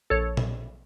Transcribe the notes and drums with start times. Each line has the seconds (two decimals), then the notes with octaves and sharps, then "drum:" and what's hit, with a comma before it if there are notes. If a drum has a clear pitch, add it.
0.10 A#1 A4 C#5
0.37 drum: tom A#2